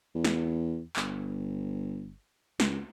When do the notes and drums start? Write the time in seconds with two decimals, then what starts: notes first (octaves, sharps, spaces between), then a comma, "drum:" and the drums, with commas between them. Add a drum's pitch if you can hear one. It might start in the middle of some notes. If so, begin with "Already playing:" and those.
0.15 E2
0.25 drum: snare
0.96 G1, drum: clap
2.60 C#2, drum: snare